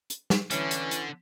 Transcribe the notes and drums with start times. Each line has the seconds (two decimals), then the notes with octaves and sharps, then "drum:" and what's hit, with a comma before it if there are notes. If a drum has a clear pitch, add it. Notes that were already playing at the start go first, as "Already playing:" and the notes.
0.10 drum: hi-hat
0.30 drum: snare
0.51 D3 E3 C#4, drum: hi-hat
0.71 drum: hi-hat
0.91 drum: hi-hat